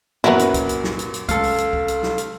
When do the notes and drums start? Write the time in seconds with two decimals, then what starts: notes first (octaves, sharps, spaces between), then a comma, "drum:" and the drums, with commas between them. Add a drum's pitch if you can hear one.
0.24 F#2 A#2 F#3 B3 E4 A#4 B4
0.39 drum: hi-hat
0.54 drum: kick C#2, hi-hat
0.69 drum: hi-hat
0.84 drum: snare
0.99 drum: hi-hat
1.14 drum: hi-hat
1.29 C#2 A4 F5, drum: kick C#2, hi-hat
1.43 drum: open hi-hat
1.58 drum: hi-hat
1.73 drum: kick C#2
1.88 drum: hi-hat
2.03 drum: snare
2.18 drum: hi-hat